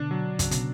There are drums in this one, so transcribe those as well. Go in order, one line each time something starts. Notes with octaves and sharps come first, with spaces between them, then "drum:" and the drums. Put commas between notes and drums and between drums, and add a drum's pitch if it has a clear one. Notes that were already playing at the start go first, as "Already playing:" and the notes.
Already playing: B2 D3 D4
F#3
C#3 F#3, drum: kick, hi-hat
B2, drum: hi-hat